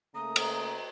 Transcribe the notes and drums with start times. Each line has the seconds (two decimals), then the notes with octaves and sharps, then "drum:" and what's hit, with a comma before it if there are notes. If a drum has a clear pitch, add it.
0.15 C#3 A3 A#3 A#5 D#6
0.36 drum: cymbal